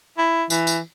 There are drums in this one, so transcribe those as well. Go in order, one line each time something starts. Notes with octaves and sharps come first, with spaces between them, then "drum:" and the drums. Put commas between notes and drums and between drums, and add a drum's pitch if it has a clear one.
E4
E3, drum: tambourine
drum: tambourine